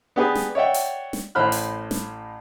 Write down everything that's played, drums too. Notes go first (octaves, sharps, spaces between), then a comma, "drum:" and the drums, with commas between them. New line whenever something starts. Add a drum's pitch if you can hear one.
B3 D4 G4 G#4 B4
drum: snare
C#5 D5 E5 F#5 G5
drum: open hi-hat
drum: snare
A1 A2 C5 B5 F6 F#6
drum: open hi-hat
drum: snare